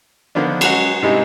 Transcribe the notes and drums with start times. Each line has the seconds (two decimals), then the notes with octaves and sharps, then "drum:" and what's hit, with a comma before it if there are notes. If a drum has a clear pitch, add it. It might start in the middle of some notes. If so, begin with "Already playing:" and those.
0.35 D3 D#3 F3 B3 D4
0.61 F#3 G#3 C#4 F#5, drum: cymbal
1.02 G#2 C3 G3 G#3 D#4 E4